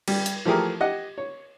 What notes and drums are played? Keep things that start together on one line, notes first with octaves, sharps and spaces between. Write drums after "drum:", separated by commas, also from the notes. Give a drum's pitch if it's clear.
G3, drum: cymbal
drum: hi-hat
E3 F3 A3 G4 G#4 A#4
G4 D#5 F#5
C#5